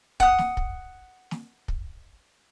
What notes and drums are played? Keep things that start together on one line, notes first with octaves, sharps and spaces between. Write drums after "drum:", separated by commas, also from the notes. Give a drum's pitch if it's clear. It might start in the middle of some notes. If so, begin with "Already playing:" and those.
F#5 D#6, drum: kick
drum: snare
drum: kick
drum: snare
drum: kick